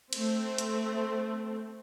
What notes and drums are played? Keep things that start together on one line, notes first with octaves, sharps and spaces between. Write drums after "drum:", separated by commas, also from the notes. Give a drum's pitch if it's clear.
A3 C4, drum: cymbal
drum: hi-hat